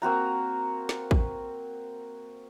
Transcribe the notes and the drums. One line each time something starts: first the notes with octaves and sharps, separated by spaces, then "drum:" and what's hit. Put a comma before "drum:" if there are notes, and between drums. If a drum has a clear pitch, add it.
A#3 C4 F#4 A#5
drum: snare
drum: kick